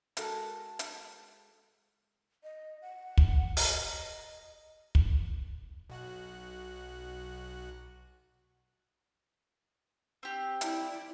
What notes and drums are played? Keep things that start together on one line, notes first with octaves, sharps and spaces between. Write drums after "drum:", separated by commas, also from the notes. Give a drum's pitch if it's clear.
G#3 F#4 A4 A#4, drum: hi-hat
drum: hi-hat
D#5
F#5
drum: kick
D#5, drum: open hi-hat
drum: kick
B1 F#4 F#6
C4 G4
E4 D5, drum: hi-hat